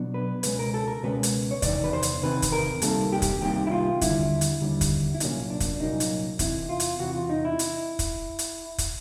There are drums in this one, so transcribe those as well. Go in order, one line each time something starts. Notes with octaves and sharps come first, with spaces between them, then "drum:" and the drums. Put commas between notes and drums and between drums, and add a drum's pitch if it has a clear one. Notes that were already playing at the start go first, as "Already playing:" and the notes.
Already playing: B2 F#3 B3 D4
B4
C#2 B2 G#3 C#4 B4, drum: hi-hat
A#4
A4
A#4
C#2 B2 G#3 C#4 B4
drum: hi-hat
C#5
E2 C3 D#3 D5, drum: kick, hi-hat
B4
C5
drum: hi-hat
E2 C3 D#3 B4
drum: kick, hi-hat
A#4
C2 C3 D#3 G3 A#3 A4, drum: hi-hat
G4
drum: kick, hi-hat
C2 C3 D#3 G3 A#3 G4
E4
F4
D#2 D3 G3 E4, drum: kick, hi-hat
drum: hi-hat
D#2 D3 G3
drum: kick, hi-hat
E4
C2 A#2 F#3 A#3 C#4 D#4, drum: hi-hat
D4
drum: kick, hi-hat
C2 A#2 F#3 A#3 C#4 D#4
drum: hi-hat
E2 C3 E3 E4, drum: kick, hi-hat
F4
drum: hi-hat
E2 C3 E3 F#4
F4
D#4
E4
drum: hi-hat
drum: kick, hi-hat
drum: hi-hat
drum: kick, hi-hat